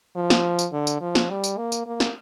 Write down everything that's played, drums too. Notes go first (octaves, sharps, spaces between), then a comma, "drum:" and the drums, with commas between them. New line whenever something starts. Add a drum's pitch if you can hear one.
F3
drum: snare
drum: tambourine
D3
drum: tambourine
F3
drum: snare
G3
drum: tambourine
A#3
drum: tambourine
A#3
drum: snare